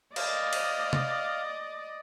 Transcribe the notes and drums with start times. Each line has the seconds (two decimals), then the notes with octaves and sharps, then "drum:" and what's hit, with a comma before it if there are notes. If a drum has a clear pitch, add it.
0.16 D5 D#5 F5, drum: cymbal
0.53 drum: cymbal
0.93 drum: tom